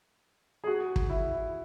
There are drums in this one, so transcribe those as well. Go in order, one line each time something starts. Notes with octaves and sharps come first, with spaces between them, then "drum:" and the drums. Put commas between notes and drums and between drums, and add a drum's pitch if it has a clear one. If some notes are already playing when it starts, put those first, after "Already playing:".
G#4
F#4
drum: kick
E4